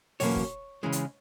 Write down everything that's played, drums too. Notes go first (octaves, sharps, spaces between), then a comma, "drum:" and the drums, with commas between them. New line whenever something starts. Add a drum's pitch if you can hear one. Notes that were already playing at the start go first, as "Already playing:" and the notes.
E2 B2 F#3 A#3 C#4 C#5, drum: open hi-hat
drum: kick
C#3 E3 G#3 C#4
drum: hi-hat